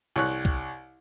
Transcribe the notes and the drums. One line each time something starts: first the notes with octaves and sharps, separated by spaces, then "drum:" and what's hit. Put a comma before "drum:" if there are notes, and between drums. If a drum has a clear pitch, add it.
C2 C#5 F#6
drum: kick